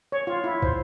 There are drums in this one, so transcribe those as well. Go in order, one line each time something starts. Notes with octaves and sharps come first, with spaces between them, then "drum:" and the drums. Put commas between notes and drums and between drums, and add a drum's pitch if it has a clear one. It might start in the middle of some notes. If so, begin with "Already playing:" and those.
C#5
F4
E4
C5, drum: kick